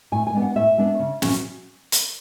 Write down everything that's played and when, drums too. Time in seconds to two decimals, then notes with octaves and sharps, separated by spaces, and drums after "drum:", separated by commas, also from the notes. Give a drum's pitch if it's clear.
0.12 A2 G#5
0.27 G#5
0.33 G#3 B3 D4
0.42 F#5
0.56 A2 E5
0.78 G#3 B3 D4
0.99 C#3
1.22 F#3 C#4, drum: snare
1.92 drum: hi-hat